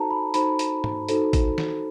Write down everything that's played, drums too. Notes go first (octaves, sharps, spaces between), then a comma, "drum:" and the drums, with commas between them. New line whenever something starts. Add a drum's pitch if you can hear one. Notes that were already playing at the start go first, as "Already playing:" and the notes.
Already playing: D#4 F#4 A4 C5 A5 A#5
B5
D#4 F#4 A4 C5 B5, drum: hi-hat
drum: hi-hat
drum: tom G#2
D#4 F#4 A4 C5, drum: hi-hat
drum: kick, hi-hat
drum: snare